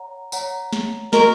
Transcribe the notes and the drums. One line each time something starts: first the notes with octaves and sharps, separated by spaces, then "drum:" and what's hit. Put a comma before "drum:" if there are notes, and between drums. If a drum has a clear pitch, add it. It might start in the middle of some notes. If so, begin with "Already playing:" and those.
Already playing: C#5 F#5 A#5
C#5 F#5 A#5, drum: tambourine
drum: snare
F#4 A#4 D#5 A#5 C#6, drum: snare